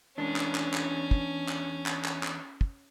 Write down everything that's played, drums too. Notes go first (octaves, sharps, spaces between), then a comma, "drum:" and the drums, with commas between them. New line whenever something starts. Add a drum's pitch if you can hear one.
E2 C#4 D4
drum: clap
drum: clap
drum: clap
drum: kick
drum: clap
drum: clap
drum: clap
drum: clap
drum: kick